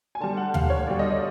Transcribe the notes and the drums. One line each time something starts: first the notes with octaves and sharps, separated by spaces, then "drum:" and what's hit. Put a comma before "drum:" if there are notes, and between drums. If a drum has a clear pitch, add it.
G#5
D3 G3 A5
F#5
F5, drum: tom D#2
C#5
D3 G3 D5
D#5
D5